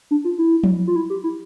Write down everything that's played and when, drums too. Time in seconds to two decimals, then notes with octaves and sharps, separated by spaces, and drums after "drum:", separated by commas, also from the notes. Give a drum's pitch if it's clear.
0.11 D4
0.25 F4
0.38 E4
0.63 drum: tom F3
0.87 F4
0.96 E4
1.10 G4
1.24 E4